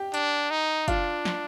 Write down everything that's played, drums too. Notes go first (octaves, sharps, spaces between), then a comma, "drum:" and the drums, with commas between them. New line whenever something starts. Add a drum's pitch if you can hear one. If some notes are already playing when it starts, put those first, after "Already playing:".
Already playing: G4 G5
D4, drum: hi-hat
D#4
D4 F4 F5, drum: kick F#1, hi-hat
drum: snare